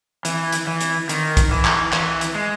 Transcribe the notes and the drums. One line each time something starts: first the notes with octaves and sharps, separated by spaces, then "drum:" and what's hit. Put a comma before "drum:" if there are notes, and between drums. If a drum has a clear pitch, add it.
E3, drum: hi-hat
drum: hi-hat
E3
drum: hi-hat
D#3, drum: hi-hat
drum: kick, hi-hat
E3
drum: clap
E3, drum: clap
drum: hi-hat
G#3